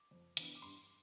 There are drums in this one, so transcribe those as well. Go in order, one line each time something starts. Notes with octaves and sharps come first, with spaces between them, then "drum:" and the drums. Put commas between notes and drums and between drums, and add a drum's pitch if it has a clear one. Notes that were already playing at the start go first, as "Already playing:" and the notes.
Already playing: D6
F2
E3 B3 D4, drum: hi-hat
D6
G2 C6